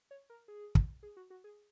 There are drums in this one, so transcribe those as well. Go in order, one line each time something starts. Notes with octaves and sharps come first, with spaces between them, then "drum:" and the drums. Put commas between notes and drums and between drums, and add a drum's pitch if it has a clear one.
C#5
A#4
G#4
drum: kick
G#4
F#4
F#4
G#4